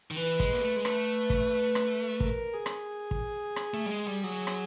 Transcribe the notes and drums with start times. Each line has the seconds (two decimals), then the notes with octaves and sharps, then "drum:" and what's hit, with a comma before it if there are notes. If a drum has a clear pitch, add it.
0.11 D#3
0.17 E3 B4
0.40 G#3, drum: kick
0.53 A#3
0.62 A3
0.76 G#3
0.85 A3 B4, drum: rim click
1.30 drum: kick
1.75 drum: rim click
2.20 A#4, drum: kick
2.54 G#4
2.66 drum: rim click
3.11 drum: kick
3.56 drum: rim click
3.74 A3
3.86 G3
3.90 G#3
4.07 G3
4.24 F#3 G#4
4.47 drum: rim click